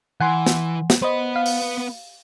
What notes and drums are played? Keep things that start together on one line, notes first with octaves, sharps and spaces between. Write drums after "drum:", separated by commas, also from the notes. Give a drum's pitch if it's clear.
E3 F#5 G#5 C6
drum: snare
drum: snare
B3 B4 C5 D#5
F5
drum: open hi-hat